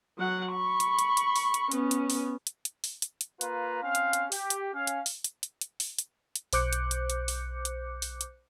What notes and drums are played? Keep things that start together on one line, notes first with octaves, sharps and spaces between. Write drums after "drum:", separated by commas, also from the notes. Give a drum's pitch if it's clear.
F#3 F#5
B5 C#6
drum: hi-hat
drum: hi-hat
drum: hi-hat
drum: open hi-hat
drum: hi-hat
B3 C#4, drum: hi-hat
drum: hi-hat
drum: open hi-hat
drum: hi-hat
drum: hi-hat
drum: open hi-hat
drum: hi-hat
drum: hi-hat
A#3 F4 B4 A#5, drum: hi-hat
C4 C#4 F5
drum: hi-hat
drum: hi-hat
G4, drum: open hi-hat
drum: hi-hat
C#4 F5
drum: hi-hat
drum: open hi-hat
drum: hi-hat
drum: hi-hat
drum: hi-hat
drum: open hi-hat
drum: hi-hat
drum: hi-hat
B1 C5 D6 F#6 G6 C#7, drum: open hi-hat
drum: hi-hat
drum: hi-hat
drum: hi-hat
drum: open hi-hat
drum: hi-hat
drum: open hi-hat
drum: hi-hat